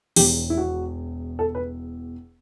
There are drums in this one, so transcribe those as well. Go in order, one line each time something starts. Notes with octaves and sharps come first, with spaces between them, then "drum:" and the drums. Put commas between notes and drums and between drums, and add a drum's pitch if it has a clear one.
E1 E2 B2 G4, drum: open hi-hat
E4
F#4
A4
B4